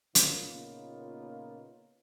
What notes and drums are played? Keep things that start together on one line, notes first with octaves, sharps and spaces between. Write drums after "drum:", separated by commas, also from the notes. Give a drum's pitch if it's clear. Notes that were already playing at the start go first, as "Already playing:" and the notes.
A#2 C#3 A#3 B3 D#4 F4, drum: hi-hat